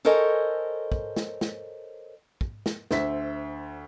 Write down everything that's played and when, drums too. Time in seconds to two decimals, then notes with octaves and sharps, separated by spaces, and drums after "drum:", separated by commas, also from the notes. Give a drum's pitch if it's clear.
0.05 A4 A#4 C5 C#5 D#5 G#5
0.92 drum: kick
1.16 drum: snare
1.41 drum: snare
2.41 drum: kick
2.66 drum: snare
2.91 D2 C5 E5 B6, drum: snare